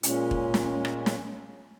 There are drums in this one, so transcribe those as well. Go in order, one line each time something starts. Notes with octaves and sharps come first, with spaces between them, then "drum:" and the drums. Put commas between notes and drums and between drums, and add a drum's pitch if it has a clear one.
A#2 G#3 C#4, drum: hi-hat
drum: kick
drum: snare
drum: rim click
drum: snare